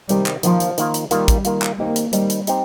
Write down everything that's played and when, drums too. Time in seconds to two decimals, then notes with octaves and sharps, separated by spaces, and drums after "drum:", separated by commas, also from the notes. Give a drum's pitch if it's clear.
0.09 C3 D#3 G3 C4 G4, drum: hi-hat
0.26 drum: clap
0.43 D#3 F3 A#3 F4, drum: hi-hat
0.60 drum: hi-hat
0.78 D#3 A#3 F4, drum: hi-hat
0.94 drum: hi-hat
1.11 D#3 G3 A#3 F4, drum: hi-hat
1.28 drum: kick, hi-hat
1.45 D#3 A#3 F4, drum: hi-hat
1.62 drum: clap
1.79 D#3 A#3 C4 D#4 G4
1.96 drum: hi-hat
2.13 D#3 G3 C4 D#4 G4, drum: hi-hat
2.30 drum: hi-hat
2.47 C4 D#4 G4, drum: hi-hat